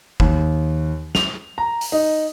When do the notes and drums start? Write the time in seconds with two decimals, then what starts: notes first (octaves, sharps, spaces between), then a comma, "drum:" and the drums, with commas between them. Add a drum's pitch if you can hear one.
0.20 D#2, drum: kick
1.15 F7, drum: snare
1.58 A#5
1.81 drum: open hi-hat
1.92 D#4